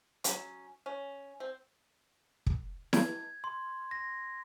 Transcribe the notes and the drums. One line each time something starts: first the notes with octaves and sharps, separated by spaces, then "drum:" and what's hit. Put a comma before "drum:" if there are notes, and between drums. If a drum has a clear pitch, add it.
F#3 C#4, drum: hi-hat
C#4
C4
drum: kick
G#6, drum: snare E4
C6
A#6